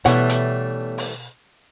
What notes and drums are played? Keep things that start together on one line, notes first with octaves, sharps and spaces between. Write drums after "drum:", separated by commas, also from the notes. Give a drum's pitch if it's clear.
B2 E3 G3 A3 B3 C#5 F#5, drum: hi-hat
drum: hi-hat
drum: open hi-hat